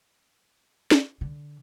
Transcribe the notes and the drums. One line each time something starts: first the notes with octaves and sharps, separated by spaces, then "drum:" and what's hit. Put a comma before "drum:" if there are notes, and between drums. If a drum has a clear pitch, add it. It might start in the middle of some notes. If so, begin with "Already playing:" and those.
drum: snare
D3